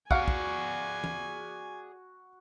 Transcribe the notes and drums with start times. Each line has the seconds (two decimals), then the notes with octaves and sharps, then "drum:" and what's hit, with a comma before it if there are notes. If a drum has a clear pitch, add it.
0.11 F#4 G#4 D5 F5 F#5 G#5, drum: kick
0.28 drum: kick
1.04 drum: tom E3